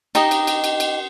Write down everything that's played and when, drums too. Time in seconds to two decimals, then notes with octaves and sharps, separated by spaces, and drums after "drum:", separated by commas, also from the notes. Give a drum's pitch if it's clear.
0.15 D#4 G4 D#5, drum: cymbal
0.31 drum: cymbal
0.47 drum: cymbal
0.64 drum: cymbal
0.80 drum: cymbal